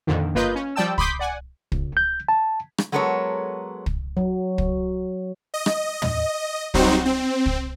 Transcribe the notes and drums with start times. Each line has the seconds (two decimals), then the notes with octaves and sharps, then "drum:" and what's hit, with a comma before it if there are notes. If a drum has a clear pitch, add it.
0.07 F2 A#2 D3 D#3
0.34 G1 A#3 F4 B4 D#5 G6
0.55 C#4
0.76 F3 G3 D5 G5 A5 E6
0.98 B5 C6 D6 D#6 G6 B6, drum: kick
1.19 D5 F#5 G#5
1.72 C#2, drum: kick
1.97 G6
2.28 A5
2.78 drum: rim click
2.92 F#3 G#3 B3 A4 A#4 C#5
3.86 drum: kick
4.17 F#3
4.58 drum: kick
5.54 D#5
5.66 drum: rim click
6.02 drum: tom
6.74 F#3 G3 C4 D#4 F#4 C5, drum: kick
7.05 C4
7.46 drum: kick